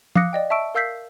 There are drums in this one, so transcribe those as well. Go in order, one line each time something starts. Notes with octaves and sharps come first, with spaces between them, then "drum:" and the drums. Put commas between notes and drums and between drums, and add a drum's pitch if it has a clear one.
F5 D6 D#6 F#6 A#6 C#7, drum: tom F3
D5 D#5 G5
E5 A5 C#6 E6 D7
A#4 F5 E6 G6 B6 C7